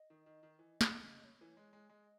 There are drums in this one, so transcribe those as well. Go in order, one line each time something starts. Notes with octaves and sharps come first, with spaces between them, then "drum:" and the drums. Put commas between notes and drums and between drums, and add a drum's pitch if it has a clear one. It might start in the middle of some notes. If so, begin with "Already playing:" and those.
Already playing: D#5
D#3
D#3
D#3
E3
E3, drum: snare
C#3
C#5
E3
G#3
G#3
G#3 D#5